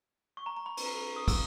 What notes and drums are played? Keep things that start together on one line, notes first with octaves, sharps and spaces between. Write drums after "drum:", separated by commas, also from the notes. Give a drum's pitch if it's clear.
C#6
A#5
A#5
B5
B5, drum: cymbal
A#5
B5
D#6
E6, drum: kick, cymbal